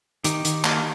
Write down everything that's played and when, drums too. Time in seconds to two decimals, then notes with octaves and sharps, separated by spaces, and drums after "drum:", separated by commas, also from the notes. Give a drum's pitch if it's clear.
0.24 D#3 D#4 G4, drum: hi-hat
0.45 D#3, drum: hi-hat
0.64 A#3, drum: clap